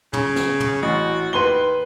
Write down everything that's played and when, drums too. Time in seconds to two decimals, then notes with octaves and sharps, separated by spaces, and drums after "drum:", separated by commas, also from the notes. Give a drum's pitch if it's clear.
0.13 C#3, drum: tom
0.36 drum: snare
0.60 drum: tom
0.82 A1 F#4
1.33 D#2 B4 C6 G7